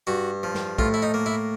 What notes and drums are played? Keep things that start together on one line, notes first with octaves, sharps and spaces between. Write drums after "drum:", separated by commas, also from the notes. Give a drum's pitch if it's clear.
G2 F#4
F3
drum: snare
A2 F4, drum: kick
E4
D#4
A#3
E4